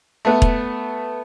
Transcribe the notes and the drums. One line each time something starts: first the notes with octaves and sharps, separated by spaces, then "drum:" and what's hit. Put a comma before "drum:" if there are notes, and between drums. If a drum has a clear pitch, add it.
A3 B3
drum: kick E1